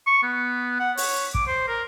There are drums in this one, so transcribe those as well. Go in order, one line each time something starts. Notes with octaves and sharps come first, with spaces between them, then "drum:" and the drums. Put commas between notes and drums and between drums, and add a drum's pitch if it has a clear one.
C#6
B3
F#5
C#5, drum: open hi-hat
D6, drum: kick
C5
A#4